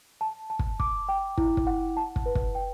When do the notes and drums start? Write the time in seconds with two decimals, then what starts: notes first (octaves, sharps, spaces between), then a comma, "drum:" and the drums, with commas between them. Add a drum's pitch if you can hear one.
0.21 A5
0.50 A5
0.59 drum: kick
0.80 D6, drum: kick
1.09 G5
1.38 E4, drum: kick
1.57 drum: kick
1.67 F#5
1.97 A5
2.16 drum: kick
2.26 B4
2.35 drum: kick
2.55 G5